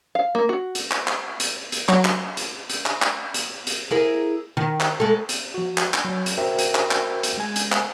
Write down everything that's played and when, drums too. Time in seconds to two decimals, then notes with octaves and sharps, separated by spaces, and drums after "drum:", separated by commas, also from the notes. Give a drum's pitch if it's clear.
0.15 F5
0.35 A#3
0.49 F#4
0.75 drum: hi-hat
0.91 drum: clap
1.07 drum: clap
1.40 drum: hi-hat
1.72 drum: hi-hat
1.89 F#3, drum: clap
2.05 drum: clap
2.37 drum: hi-hat
2.70 drum: hi-hat
2.86 drum: clap
3.02 drum: clap
3.34 drum: hi-hat
3.67 drum: hi-hat
3.91 E4 G#4 A#4
4.57 D#3
4.80 drum: clap
5.00 G#3 A4
5.29 drum: hi-hat
5.54 F3 F#4
5.78 drum: clap
5.94 drum: clap
6.05 F#3
6.26 drum: hi-hat
6.37 F#4 A#4 C5 E5 G5
6.59 drum: hi-hat
6.75 drum: clap
6.91 drum: clap
7.23 drum: hi-hat
7.38 G#3 G#5
7.56 drum: hi-hat
7.72 drum: clap